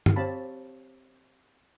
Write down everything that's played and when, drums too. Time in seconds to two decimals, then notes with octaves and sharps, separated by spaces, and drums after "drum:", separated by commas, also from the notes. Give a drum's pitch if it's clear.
0.06 drum: tom G2
0.16 C4 G4 C#5 F5 A5 B5